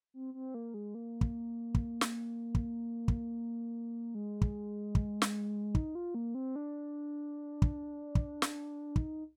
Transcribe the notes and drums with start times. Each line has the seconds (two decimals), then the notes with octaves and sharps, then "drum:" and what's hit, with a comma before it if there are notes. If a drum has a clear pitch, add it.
0.14 C4
0.34 C4
0.54 A#3
0.74 G#3
0.95 A#3
1.21 drum: kick
1.75 drum: kick
2.01 drum: snare
2.55 drum: kick
3.08 drum: kick
4.15 G#3
4.41 drum: kick
4.95 drum: kick
5.22 drum: snare
5.75 D#4, drum: kick
5.95 F4
6.15 A#3
6.35 C4
6.56 D4
7.62 drum: kick
8.15 drum: kick
8.42 drum: snare
8.96 D#4, drum: kick